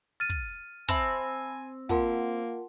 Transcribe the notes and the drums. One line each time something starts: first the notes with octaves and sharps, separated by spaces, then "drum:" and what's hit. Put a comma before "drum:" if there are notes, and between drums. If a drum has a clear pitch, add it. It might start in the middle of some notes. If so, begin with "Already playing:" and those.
F6 A6 D#7
drum: kick
C4 E5 G#5 A5 B5, drum: kick
A#3 F4 A#4 F#5 A5 C6, drum: kick